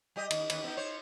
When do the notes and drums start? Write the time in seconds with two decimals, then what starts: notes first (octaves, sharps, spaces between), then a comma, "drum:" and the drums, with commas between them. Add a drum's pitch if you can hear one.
0.16 G3 G4 D#5
0.31 D#2, drum: cymbal
0.50 D#2 B4, drum: cymbal
0.64 B3 D#4
0.77 C5 C#5